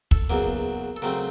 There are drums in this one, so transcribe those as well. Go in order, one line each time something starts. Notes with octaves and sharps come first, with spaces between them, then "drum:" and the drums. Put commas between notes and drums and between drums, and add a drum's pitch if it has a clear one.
A4, drum: kick
E2 C#3 F#3 A#3 A#4
A4
C#3 F#3 A3 C4 A#4